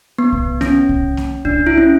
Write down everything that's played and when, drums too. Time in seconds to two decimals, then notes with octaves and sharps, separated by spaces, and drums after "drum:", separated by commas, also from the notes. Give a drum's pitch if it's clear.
0.18 B3
0.32 drum: kick C2
0.61 C#4, drum: snare A#3
0.89 drum: kick C2
1.17 drum: snare A#3
1.45 D4, drum: kick C2
1.67 E4
1.78 C#4